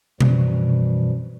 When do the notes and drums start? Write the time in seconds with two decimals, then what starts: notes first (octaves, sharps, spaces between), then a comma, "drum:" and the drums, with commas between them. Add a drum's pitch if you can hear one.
0.21 F#2 B2 E3 F3 G3, drum: tom B2